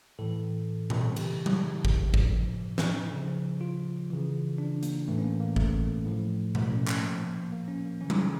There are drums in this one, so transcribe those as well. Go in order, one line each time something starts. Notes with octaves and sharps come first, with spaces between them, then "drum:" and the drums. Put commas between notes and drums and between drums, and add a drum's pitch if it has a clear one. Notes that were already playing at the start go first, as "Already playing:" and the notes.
A2 E3 A4
drum: tom A#2
C#3 E3 G4, drum: cymbal
drum: tom F#3
drum: kick
A2 F3, drum: kick
drum: snare
C#3 F3
F4
C#3 E3
D4
A#3, drum: hi-hat
A2 E3 A3
C#4
A#3
A#3
A3, drum: kick
A2 F3
A3, drum: tom B2
C#4
C#4, drum: clap
A#2 F3 A#3
A#3
A#3
A#3
C#4
A#3
C#3 E3 C#4
drum: tom F#3